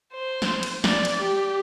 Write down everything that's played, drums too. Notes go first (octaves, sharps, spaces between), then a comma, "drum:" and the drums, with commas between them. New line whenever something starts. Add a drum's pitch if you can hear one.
C5
drum: snare
drum: cymbal
D5, drum: snare
drum: cymbal
G4